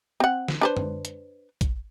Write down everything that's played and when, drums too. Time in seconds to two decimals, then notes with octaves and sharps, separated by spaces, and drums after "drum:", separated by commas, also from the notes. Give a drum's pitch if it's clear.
0.20 C4 F#5
0.48 drum: snare
0.61 D4 B4 C5
0.77 drum: tom F#2
1.05 drum: hi-hat
1.61 drum: kick, hi-hat